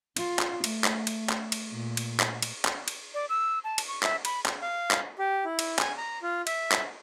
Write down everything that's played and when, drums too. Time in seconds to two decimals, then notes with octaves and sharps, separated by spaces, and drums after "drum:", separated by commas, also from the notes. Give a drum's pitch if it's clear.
0.17 F4, drum: cymbal
0.39 drum: clap
0.64 A3, drum: cymbal
0.84 drum: clap
1.07 drum: cymbal
1.30 drum: clap
1.52 drum: cymbal
1.71 A#2
1.97 drum: cymbal
2.20 drum: clap
2.42 drum: cymbal
2.65 drum: clap
2.88 drum: cymbal
3.14 D5
3.29 E6
3.64 A5
3.78 drum: cymbal
3.88 C#6
4.03 E5, drum: clap
4.25 B5, drum: cymbal
4.46 drum: clap
4.62 F5
4.91 drum: clap
5.19 G4
5.45 E4
5.59 drum: cymbal
5.79 G#5, drum: clap
5.97 A#5
6.22 F4
6.47 E5, drum: cymbal
6.72 drum: clap